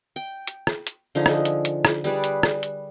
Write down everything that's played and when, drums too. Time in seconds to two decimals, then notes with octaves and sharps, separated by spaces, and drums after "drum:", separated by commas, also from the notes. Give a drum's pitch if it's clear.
0.16 G5
0.47 drum: hi-hat
0.67 drum: rim click
0.87 drum: hi-hat
1.15 D3 F3 D#4 G#4
1.26 drum: rim click
1.45 drum: hi-hat
1.65 drum: hi-hat
1.85 drum: rim click
2.04 G3 G#4 B4 D5
2.24 drum: hi-hat
2.43 drum: rim click
2.63 drum: hi-hat